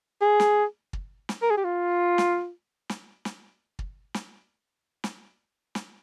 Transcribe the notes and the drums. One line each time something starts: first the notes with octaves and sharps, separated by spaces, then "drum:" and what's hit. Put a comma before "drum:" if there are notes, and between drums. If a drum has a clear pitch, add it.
G#4
drum: snare
drum: kick
drum: snare
A#4
G#4
G4
F4
drum: snare
drum: snare
drum: snare
drum: kick
drum: snare
drum: snare
drum: snare